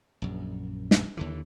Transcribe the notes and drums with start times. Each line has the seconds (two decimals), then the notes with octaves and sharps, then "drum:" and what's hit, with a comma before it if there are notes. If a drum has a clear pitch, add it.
0.22 A#1 F#2
0.91 drum: snare
1.17 D#2 D3 E3